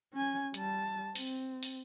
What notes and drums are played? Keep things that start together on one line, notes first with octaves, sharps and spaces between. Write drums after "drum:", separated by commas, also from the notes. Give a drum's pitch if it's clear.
C#4 G#5
G3 A5, drum: hi-hat
C4, drum: open hi-hat
drum: open hi-hat